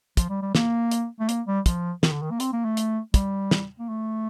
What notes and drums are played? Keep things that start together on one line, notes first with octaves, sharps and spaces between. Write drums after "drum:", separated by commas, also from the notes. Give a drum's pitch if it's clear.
F3, drum: kick, hi-hat
G3
G3
A#3, drum: snare
drum: hi-hat
A3
A#3, drum: hi-hat
G3
F3, drum: kick, hi-hat
D#3, drum: snare
D3
D#3
A#3
C4, drum: hi-hat
A#3
A3
drum: hi-hat
G3, drum: kick, hi-hat
drum: snare
A#3
A3